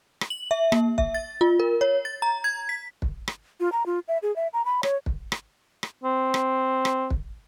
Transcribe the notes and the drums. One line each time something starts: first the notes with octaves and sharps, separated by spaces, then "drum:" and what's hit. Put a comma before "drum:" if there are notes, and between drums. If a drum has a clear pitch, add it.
drum: rim click
F#7
E5
A#3, drum: rim click
E5, drum: kick
A6
F4
A#4
C#5
A6
A#5
G#6
B6
drum: kick
drum: rim click
F4
A#5
F4
E5
G#4
E5
A#5
B5
C#5, drum: rim click
drum: kick
drum: rim click
drum: rim click
C4
drum: rim click
drum: rim click
drum: kick